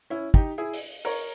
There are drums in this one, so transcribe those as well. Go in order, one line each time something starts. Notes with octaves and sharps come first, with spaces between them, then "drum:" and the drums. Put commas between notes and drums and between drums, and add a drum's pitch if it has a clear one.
C#4 E4
D#4 G4, drum: kick
E4 G#4
drum: open hi-hat
A#4 C#5, drum: open hi-hat